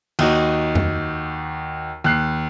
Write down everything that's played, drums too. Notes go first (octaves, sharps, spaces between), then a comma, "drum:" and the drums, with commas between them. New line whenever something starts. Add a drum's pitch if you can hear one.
D#2 D#4 F#4, drum: cymbal
drum: tom F2
D#2 F#6 C7